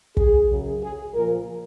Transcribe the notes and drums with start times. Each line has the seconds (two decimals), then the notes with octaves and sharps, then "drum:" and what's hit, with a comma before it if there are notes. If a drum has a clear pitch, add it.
0.17 G#4, drum: kick
0.50 F#2 C#3 F#3
0.82 G#4
1.14 A#2 F3 A#4